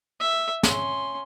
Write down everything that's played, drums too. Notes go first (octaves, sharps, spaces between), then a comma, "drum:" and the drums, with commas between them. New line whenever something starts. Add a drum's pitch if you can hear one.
E5
C#4 C6, drum: snare